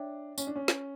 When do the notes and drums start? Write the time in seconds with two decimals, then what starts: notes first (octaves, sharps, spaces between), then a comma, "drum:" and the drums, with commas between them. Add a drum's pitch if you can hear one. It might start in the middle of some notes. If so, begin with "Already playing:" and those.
Already playing: D4 C#5 E5 G5
0.38 C#4, drum: tambourine
0.47 D4
0.56 C#4
0.68 drum: snare